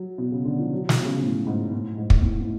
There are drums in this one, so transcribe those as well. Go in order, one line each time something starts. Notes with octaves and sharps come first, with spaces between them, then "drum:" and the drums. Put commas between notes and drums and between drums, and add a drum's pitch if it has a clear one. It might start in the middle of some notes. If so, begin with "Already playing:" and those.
Already playing: F#3
B2
C#3
D3
F3
F#3
F3, drum: snare
B2
C#3
A2
G#2
A2
G#2
drum: kick
A2
A2